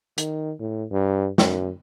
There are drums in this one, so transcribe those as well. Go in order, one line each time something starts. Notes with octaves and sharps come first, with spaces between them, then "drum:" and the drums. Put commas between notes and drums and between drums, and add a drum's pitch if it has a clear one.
D#3, drum: hi-hat
A2
G2
F#2, drum: snare